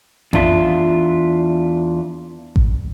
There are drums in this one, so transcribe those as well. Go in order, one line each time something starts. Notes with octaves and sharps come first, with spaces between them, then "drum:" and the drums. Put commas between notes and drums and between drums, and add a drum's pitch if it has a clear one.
E2 D4 F4 E5, drum: tom F2
drum: kick A1